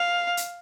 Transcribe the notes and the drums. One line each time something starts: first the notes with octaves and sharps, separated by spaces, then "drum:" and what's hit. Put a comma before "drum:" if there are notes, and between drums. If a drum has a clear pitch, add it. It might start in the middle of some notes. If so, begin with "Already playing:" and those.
Already playing: F5
drum: hi-hat